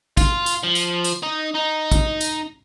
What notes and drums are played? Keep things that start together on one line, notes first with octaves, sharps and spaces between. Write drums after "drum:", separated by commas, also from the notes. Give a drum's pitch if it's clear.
F4, drum: kick, tambourine
drum: tambourine
F3
drum: tambourine
drum: tambourine
D#4
D#4
drum: kick, tambourine
drum: tambourine